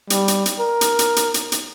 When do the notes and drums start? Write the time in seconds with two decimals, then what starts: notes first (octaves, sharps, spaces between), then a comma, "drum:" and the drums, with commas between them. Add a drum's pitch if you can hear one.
0.10 G3, drum: hi-hat
0.28 drum: hi-hat
0.46 drum: hi-hat
0.60 A#4
0.81 drum: hi-hat
0.99 drum: hi-hat
1.16 drum: hi-hat
1.34 drum: hi-hat
1.52 drum: hi-hat